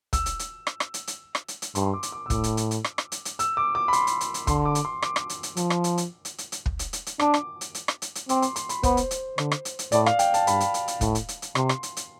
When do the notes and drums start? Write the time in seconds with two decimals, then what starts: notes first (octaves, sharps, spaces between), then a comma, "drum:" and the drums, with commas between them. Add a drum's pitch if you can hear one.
0.13 E6, drum: kick, hi-hat
0.26 drum: hi-hat
0.39 drum: hi-hat
0.67 drum: rim click
0.80 drum: rim click
0.94 drum: hi-hat
1.07 drum: hi-hat
1.35 drum: rim click
1.48 drum: hi-hat
1.62 drum: hi-hat
1.75 G2 C6, drum: hi-hat
1.93 D6
2.03 drum: hi-hat
2.12 D6
2.26 E6
2.30 A2 D6, drum: kick, hi-hat
2.44 drum: hi-hat
2.57 drum: hi-hat
2.71 drum: hi-hat
2.84 drum: rim click
2.98 drum: rim click
3.12 drum: hi-hat
3.25 drum: hi-hat
3.39 E6, drum: hi-hat
3.57 D6
3.75 D6
3.88 B5
3.93 C6, drum: hi-hat
4.07 drum: hi-hat
4.21 drum: hi-hat
4.34 drum: hi-hat
4.47 D3 C6, drum: kick, hi-hat
4.65 D6
4.75 drum: hi-hat
4.85 C6
5.02 D6, drum: rim click
5.16 drum: rim click
5.29 drum: hi-hat
5.43 drum: hi-hat
5.57 F3, drum: hi-hat
5.70 drum: rim click
5.84 drum: hi-hat
5.98 drum: hi-hat
6.25 drum: hi-hat
6.38 drum: hi-hat
6.52 drum: hi-hat
6.66 drum: kick
6.79 drum: hi-hat
6.93 drum: hi-hat
7.06 drum: hi-hat
7.19 D4 D6, drum: rim click
7.34 drum: rim click
7.61 drum: hi-hat
7.75 drum: hi-hat
7.88 drum: rim click
8.02 drum: hi-hat
8.15 drum: hi-hat
8.29 C4 D6, drum: hi-hat
8.42 C6, drum: hi-hat
8.56 C6, drum: hi-hat
8.69 B5, drum: hi-hat
8.83 B3 C5, drum: kick, hi-hat
8.97 drum: hi-hat
9.11 drum: hi-hat
9.38 D3, drum: rim click
9.52 drum: rim click
9.65 drum: hi-hat
9.79 drum: hi-hat
9.92 A2 D5, drum: hi-hat
10.06 F5, drum: rim click
10.19 G5, drum: hi-hat
10.34 A5, drum: hi-hat
10.47 G2 B5, drum: hi-hat
10.60 drum: hi-hat
10.74 drum: hi-hat
10.88 drum: hi-hat
11.01 A2, drum: kick, hi-hat
11.15 drum: hi-hat
11.28 drum: hi-hat
11.42 drum: hi-hat
11.55 C3 C6, drum: rim click
11.69 drum: rim click
11.83 drum: hi-hat
11.97 drum: hi-hat